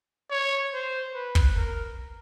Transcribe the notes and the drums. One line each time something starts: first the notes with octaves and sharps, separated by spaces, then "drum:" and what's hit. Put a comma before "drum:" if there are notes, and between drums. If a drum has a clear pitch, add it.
C#5
C5
B4
drum: kick
A#4